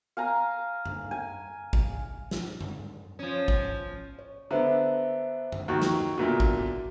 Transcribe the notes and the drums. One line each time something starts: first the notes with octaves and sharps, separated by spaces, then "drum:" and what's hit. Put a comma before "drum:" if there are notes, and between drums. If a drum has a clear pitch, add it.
F5 G#5 A#5
drum: tom F#2
G#5
drum: kick G#1
drum: snare
drum: tom F#2
F3 C#4
drum: kick G#1
C#5
D3 B3 C5 E5 A#5
drum: tom F#2
D#2 F#4 A#5 C#6
drum: snare
E2 A#2 D3 F#4
drum: kick G#1